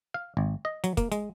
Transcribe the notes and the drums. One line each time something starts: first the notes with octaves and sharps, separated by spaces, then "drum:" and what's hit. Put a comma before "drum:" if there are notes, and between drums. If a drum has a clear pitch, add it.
F5
G#1
D#5
F#3, drum: hi-hat
A#3, drum: kick, hi-hat
G#3, drum: hi-hat